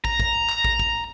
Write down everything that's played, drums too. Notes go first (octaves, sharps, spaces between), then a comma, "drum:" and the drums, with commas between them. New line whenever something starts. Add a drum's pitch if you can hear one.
A#5, drum: kick
drum: kick
drum: clap
drum: kick
drum: kick